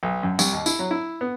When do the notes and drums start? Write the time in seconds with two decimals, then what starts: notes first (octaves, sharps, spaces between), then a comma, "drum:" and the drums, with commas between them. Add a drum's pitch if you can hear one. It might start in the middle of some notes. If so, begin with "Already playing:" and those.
0.03 B1
0.23 F#2
0.39 C2, drum: tambourine
0.53 D#2
0.66 E4, drum: tambourine
0.79 F#3
0.91 E4
1.21 B3